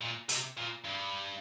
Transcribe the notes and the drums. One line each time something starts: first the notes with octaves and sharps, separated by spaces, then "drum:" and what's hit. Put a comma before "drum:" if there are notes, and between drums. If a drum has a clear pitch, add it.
A#2
C3, drum: hi-hat
A#2
G2